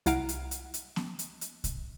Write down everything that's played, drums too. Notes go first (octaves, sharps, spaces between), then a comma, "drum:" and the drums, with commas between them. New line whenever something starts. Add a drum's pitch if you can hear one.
C2 E4 F5 F#5 A#5 D7, drum: hi-hat
drum: hi-hat
drum: hi-hat
drum: hi-hat
drum: snare B3
drum: hi-hat
drum: hi-hat
drum: kick, hi-hat